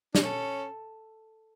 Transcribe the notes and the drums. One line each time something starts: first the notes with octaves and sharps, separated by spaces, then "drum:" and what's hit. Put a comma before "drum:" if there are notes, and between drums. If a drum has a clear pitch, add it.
D4, drum: snare
C#4 A4